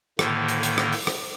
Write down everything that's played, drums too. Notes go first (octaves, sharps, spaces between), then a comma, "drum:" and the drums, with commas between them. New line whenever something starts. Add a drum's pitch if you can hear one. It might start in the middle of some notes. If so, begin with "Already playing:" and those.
A2 D3 D#3 A#3, drum: rim click
drum: hi-hat
drum: hi-hat
drum: rim click
drum: open hi-hat
drum: rim click